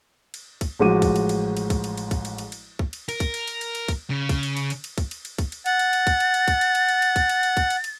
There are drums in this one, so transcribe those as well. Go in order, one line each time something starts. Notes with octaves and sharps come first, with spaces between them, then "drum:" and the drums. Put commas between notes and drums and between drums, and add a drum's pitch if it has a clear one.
drum: cymbal
drum: kick, cymbal
A1 F3 G#3 F#4 D6 D#7
drum: kick, cymbal
drum: cymbal
drum: cymbal
drum: cymbal
drum: kick, cymbal
drum: cymbal
drum: cymbal
drum: kick, cymbal
drum: cymbal
drum: cymbal
drum: cymbal
drum: kick
drum: cymbal
A#4, drum: cymbal
drum: kick, cymbal
drum: cymbal
drum: cymbal
drum: cymbal
drum: cymbal
drum: kick, cymbal
C#3
drum: kick, cymbal
drum: cymbal
drum: cymbal
drum: cymbal
drum: cymbal
drum: kick, cymbal
drum: cymbal
drum: cymbal
drum: kick, cymbal
drum: cymbal
F#5 A6, drum: cymbal
drum: cymbal
drum: cymbal
drum: kick, cymbal
drum: cymbal
drum: cymbal
drum: kick, cymbal
drum: cymbal
drum: cymbal
drum: cymbal
drum: cymbal
drum: kick, cymbal
drum: cymbal
drum: cymbal
drum: kick, cymbal
drum: cymbal
drum: cymbal